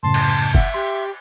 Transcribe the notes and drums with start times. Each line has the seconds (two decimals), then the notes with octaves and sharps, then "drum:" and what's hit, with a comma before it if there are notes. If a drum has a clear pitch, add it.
0.03 F#2 A2 C#3 A5 C6
0.14 drum: cymbal
0.55 E5 F#5, drum: kick
0.74 G4 C6